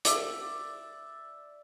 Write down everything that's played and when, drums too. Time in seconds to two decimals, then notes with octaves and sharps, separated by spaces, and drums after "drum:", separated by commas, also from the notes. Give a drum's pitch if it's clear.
0.05 D5 E5, drum: hi-hat